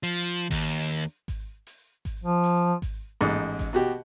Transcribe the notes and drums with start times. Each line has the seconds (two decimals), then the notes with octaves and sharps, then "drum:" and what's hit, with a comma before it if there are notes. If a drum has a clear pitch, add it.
0.03 F3
0.50 D#2, drum: kick G#1, open hi-hat
0.90 drum: open hi-hat
1.28 drum: kick G#1, open hi-hat
1.67 drum: open hi-hat
2.05 drum: kick G#1, open hi-hat
2.24 F3
2.44 drum: open hi-hat
2.82 drum: kick G#1, open hi-hat
3.21 A1 G#2, drum: open hi-hat
3.59 drum: kick G#1, open hi-hat
3.73 B2 F#4 G4